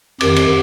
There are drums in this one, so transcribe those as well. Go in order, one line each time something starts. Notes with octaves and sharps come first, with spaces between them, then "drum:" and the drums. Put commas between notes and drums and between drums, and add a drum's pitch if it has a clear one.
F2 D#3 G4, drum: cymbal
drum: cymbal